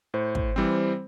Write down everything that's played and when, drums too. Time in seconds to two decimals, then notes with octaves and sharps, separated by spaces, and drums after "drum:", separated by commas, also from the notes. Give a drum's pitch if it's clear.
0.14 A2 C5
0.35 drum: kick
0.56 E3 G3 C4